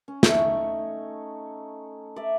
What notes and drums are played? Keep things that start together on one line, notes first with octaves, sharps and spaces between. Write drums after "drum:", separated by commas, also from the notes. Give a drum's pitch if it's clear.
C#4
A3 D#4 C#5, drum: snare
D5 E5